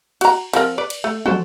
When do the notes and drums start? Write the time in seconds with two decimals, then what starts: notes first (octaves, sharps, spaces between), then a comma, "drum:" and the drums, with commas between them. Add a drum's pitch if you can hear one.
0.21 F#4 A#5, drum: cymbal
0.53 F3 C4 A#4, drum: cymbal
0.78 B4 D5
0.90 drum: cymbal
1.04 A3
1.26 F#4 A4 C5, drum: tom